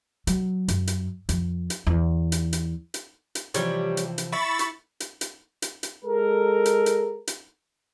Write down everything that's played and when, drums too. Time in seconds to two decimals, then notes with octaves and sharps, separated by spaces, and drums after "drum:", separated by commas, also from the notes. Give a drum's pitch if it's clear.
0.27 F#3, drum: hi-hat
0.68 F#2, drum: hi-hat
0.87 drum: hi-hat
1.29 F2, drum: hi-hat
1.70 drum: hi-hat
1.87 E2
2.32 drum: hi-hat
2.53 drum: hi-hat
2.94 drum: hi-hat
3.35 drum: hi-hat
3.54 C3 E3 F3 G3 G4 C#5, drum: hi-hat
3.97 drum: hi-hat
4.18 drum: hi-hat
4.32 E4 B5 C#6 A6
4.59 drum: hi-hat
5.00 drum: hi-hat
5.21 drum: hi-hat
5.62 drum: hi-hat
5.83 drum: hi-hat
6.04 G#3 A4 A#4
6.66 drum: hi-hat
6.86 drum: hi-hat
7.27 drum: hi-hat